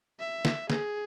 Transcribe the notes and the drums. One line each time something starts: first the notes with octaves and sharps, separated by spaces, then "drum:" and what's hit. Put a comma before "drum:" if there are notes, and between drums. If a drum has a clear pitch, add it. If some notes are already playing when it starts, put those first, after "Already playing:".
E5
drum: snare
G#4, drum: snare